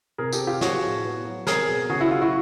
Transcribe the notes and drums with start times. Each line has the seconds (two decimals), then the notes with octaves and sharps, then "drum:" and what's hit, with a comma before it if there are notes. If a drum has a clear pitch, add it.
0.18 C3 G#4 A#4
0.32 G4 A4, drum: tambourine
0.40 C4
0.47 F4 G4
0.61 F3 F#4 G#4, drum: snare
0.82 A2
1.04 B3
1.25 F#3
1.47 C4 G#4 A#4, drum: snare
1.68 B2
1.89 C#3 F#4 G#4
2.01 E4 F#4
2.11 F#3 F4
2.21 E4 F#4